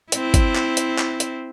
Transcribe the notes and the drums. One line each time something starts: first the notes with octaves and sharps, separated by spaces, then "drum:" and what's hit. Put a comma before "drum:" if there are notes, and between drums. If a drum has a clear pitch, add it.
C4 E4, drum: hi-hat
drum: kick, hi-hat
drum: clap
drum: hi-hat
drum: clap
drum: hi-hat